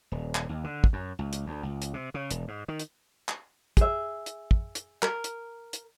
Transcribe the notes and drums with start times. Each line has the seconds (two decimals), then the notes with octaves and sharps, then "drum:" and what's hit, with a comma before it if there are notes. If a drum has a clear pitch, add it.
0.12 D#1
0.35 drum: clap
0.49 D#2
0.64 D3
0.84 drum: kick
0.93 F#2
1.19 C#2
1.33 drum: hi-hat
1.46 D2
1.63 C#2
1.82 drum: hi-hat
1.94 C3
2.14 C#3
2.31 E1, drum: hi-hat
2.48 G#2
2.68 D#3
2.80 drum: hi-hat
3.28 drum: clap
3.77 G#4 E5, drum: kick, hi-hat
4.26 drum: hi-hat
4.51 drum: kick
4.75 drum: hi-hat
5.02 A#4, drum: clap
5.24 drum: hi-hat
5.73 drum: hi-hat